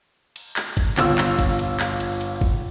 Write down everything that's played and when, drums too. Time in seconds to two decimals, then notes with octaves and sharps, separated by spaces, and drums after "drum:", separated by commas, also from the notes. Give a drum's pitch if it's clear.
0.36 drum: cymbal
0.56 drum: clap
0.77 drum: kick, cymbal
0.97 G1 F4 E6, drum: clap
1.18 drum: clap
1.39 drum: kick, cymbal
1.59 drum: cymbal
1.80 drum: clap
2.00 drum: cymbal
2.21 drum: cymbal
2.41 drum: kick